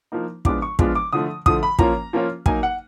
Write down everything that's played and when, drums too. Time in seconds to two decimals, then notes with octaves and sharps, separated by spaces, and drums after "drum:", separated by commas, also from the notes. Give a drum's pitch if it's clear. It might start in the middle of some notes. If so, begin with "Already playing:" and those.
0.12 F3 A#3 D#4
0.45 F3 G#3 B3 D4 F4 D6, drum: kick
0.62 C#6
0.79 F3 G#3 B3 D4 F4, drum: kick
0.95 D6
1.13 D3 F3 A3 D#6
1.46 D3 F3 A3 D#6, drum: kick
1.63 B5
1.79 F3 A#3 C#4 F4 A#5, drum: kick
2.13 F3 A#3 C#4 F4
2.46 F#3 A#3 D#4 G#5, drum: kick
2.63 F#5